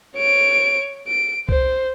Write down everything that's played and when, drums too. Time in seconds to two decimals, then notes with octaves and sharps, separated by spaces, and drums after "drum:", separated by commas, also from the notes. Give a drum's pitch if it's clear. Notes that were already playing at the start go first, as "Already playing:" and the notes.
0.16 C#5 D7
1.07 D7
1.49 C5, drum: kick C2